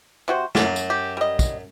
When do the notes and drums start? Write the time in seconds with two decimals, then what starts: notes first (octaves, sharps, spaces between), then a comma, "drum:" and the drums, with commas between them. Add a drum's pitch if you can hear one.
0.28 C3 F#4 C5
0.55 F#2 A#3, drum: snare
0.76 drum: tambourine
0.90 G4
1.17 G3 D#5
1.39 drum: kick, tambourine